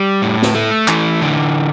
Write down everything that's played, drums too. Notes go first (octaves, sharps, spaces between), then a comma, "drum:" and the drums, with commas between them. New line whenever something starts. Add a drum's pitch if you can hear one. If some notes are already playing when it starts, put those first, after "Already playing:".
Already playing: G3
A2
drum: snare
A3
E3, drum: clap
D3